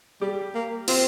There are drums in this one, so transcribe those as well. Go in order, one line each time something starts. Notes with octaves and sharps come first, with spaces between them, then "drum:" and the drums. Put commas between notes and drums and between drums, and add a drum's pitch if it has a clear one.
G3 G4
A#3
C4 F4, drum: cymbal